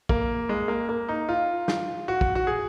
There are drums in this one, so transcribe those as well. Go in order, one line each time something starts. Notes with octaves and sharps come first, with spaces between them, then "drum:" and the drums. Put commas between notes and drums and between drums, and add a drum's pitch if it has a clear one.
A#3, drum: kick
G#3
A#3
A#3
D#4
F4
drum: snare
F#4
drum: kick
F#4
G#4